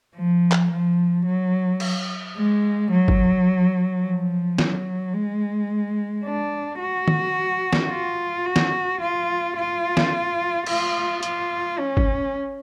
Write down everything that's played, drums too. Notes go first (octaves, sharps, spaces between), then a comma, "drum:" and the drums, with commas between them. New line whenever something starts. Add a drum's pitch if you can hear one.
F3
drum: clap
F3
F#3
drum: cymbal
G#3
F#3
drum: kick G1
F3
F#3, drum: snare
G#3
D4
F#4
drum: tom
drum: snare
F4
F#4
drum: snare
F4
F4
drum: snare
F4, drum: cymbal
F4, drum: hi-hat
C#4
drum: kick G1